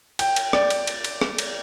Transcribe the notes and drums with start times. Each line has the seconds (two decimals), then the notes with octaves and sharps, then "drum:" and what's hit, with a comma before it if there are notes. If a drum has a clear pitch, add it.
0.19 G5, drum: cymbal
0.36 drum: cymbal
0.53 D5, drum: rim click
0.70 drum: cymbal
0.87 drum: cymbal
1.04 drum: cymbal
1.21 drum: rim click
1.38 drum: cymbal